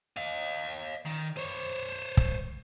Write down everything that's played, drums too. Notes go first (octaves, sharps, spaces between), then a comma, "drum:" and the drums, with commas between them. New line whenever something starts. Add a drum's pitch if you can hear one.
D#5 F5
D#3
C5 C#5
drum: kick